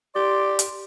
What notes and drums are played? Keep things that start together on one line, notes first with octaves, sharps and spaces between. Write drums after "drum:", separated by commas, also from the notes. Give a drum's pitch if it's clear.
G4 D5 C6
drum: hi-hat